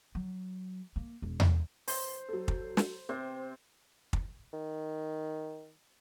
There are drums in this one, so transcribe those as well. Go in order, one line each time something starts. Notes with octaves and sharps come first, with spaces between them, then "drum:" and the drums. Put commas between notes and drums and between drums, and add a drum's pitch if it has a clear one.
F#3
A#3
E1
drum: tom E2
C5, drum: open hi-hat
F#3 A4
drum: kick
drum: snare
C3 C5
drum: kick
D#3